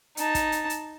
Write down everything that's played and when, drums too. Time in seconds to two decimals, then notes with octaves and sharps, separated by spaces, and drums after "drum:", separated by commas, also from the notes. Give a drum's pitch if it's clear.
0.17 D#4 A5, drum: hi-hat
0.35 drum: kick, hi-hat
0.52 drum: hi-hat
0.70 drum: hi-hat